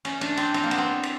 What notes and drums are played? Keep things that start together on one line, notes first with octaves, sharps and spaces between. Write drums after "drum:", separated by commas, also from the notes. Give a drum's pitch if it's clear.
C#4, drum: cymbal
D4, drum: cymbal
C4, drum: cymbal
C4, drum: cymbal
A#3
B3, drum: cymbal
C4
drum: cymbal